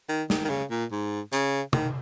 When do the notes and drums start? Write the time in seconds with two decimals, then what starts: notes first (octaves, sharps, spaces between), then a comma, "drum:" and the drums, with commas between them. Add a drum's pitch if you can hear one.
0.09 D#3
0.30 D#3, drum: snare
0.45 D#3
0.50 C#3
0.70 A#2
0.92 G#2
1.33 C#3, drum: hi-hat
1.73 D#3, drum: tom